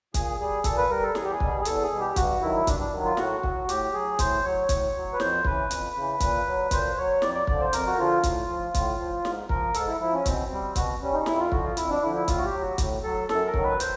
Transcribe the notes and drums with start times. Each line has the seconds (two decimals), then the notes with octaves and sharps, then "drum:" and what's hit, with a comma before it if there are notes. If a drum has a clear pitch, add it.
0.14 A#2 G#4, drum: kick, hi-hat
0.40 G3 G#4
0.64 A#2 A4, drum: kick, hi-hat
0.77 B4
0.89 G3 A#4
1.03 A4
1.15 E2 G#4, drum: snare
1.23 G4
1.32 G#4
1.40 B2 G3, drum: kick
1.61 G#4
1.65 E2 A4, drum: hi-hat
1.83 G#4
1.91 B2 G3
2.00 G4
2.16 G2 F#4, drum: kick, hi-hat
2.41 D#3 F#3 E4
2.67 G2 D4, drum: kick, hi-hat
2.79 D4
2.92 D#3 F#3
3.05 F4
3.17 A2 F#4, drum: snare
3.43 F#3, drum: kick
3.69 A2 G4, drum: hi-hat
3.93 F#3 G#4
4.19 A2 C5, drum: kick, hi-hat
4.44 F#3 C#5
4.69 A2, drum: kick, hi-hat
4.95 F#3
5.13 B4
5.20 F2 C5, drum: snare
5.45 C#3 E3 B4, drum: kick
5.71 F2, drum: hi-hat
5.95 C#3 E3
6.20 A#2, drum: kick, hi-hat
6.47 F#3
6.71 A#2 C5, drum: kick, hi-hat
6.97 F#3 C#5
7.22 F2 D5, drum: snare
7.34 D5
7.47 D3 F3 D5, drum: kick
7.61 C5
7.73 F2 A#4, drum: hi-hat
7.87 F#4
7.98 D3 F3 F4
8.23 A2, drum: kick, hi-hat
8.48 F3
8.74 A2, drum: kick, hi-hat
8.99 F3
9.25 G#2, drum: snare
9.49 F3 A#4, drum: kick
9.74 G#2 A4, drum: hi-hat
9.88 E4
10.00 F3 E4
10.13 C#4
10.26 B2 C4, drum: kick, hi-hat
10.51 G3
10.76 B2 F#4, drum: kick, hi-hat
11.02 G3 C#4
11.14 D#4
11.26 F2 E4, drum: snare
11.40 F4
11.52 D3 F3 F#4, drum: kick
11.64 F4
11.77 F2 E4, drum: hi-hat
11.90 D4
12.02 D3 F3 E4
12.15 E4
12.28 A2 F4, drum: kick, hi-hat
12.38 F#4
12.45 G4
12.53 F#3
12.61 F#4
12.78 A2, drum: kick, hi-hat
13.03 F#3 A4
13.29 F#2 A4, drum: snare
13.46 A#4
13.54 D#3 F#3, drum: kick
13.63 B4
13.80 C5, drum: hi-hat